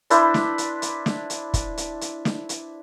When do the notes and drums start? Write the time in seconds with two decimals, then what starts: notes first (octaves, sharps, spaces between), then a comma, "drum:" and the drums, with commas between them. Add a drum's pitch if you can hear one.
0.10 D4 E4 B4 C5, drum: hi-hat
0.34 drum: snare
0.58 drum: hi-hat
0.82 drum: hi-hat
1.06 drum: snare
1.30 drum: hi-hat
1.54 drum: kick, hi-hat
1.77 drum: hi-hat
2.01 drum: hi-hat
2.25 drum: snare
2.49 drum: hi-hat